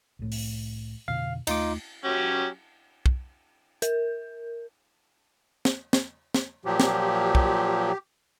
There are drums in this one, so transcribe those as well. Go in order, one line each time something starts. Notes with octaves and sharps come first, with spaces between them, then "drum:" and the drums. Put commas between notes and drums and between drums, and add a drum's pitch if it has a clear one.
C2 A2
drum: open hi-hat
F2 B2 D3 F5
D#2 A3 D#4 F4 D6, drum: cymbal
F#3 C#4 G4
drum: kick
A#4, drum: hi-hat
drum: snare
drum: snare
drum: snare
A#2 F3 F#3 G4
drum: snare
drum: kick